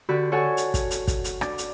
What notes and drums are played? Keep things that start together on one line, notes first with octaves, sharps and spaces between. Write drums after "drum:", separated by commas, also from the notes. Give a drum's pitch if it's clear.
D3 F#4 G4 B5 F#6
F#4 A4 C#5 F#5 G#5
drum: hi-hat
drum: kick, hi-hat
drum: hi-hat
drum: kick, hi-hat
drum: hi-hat
D4, drum: rim click
drum: hi-hat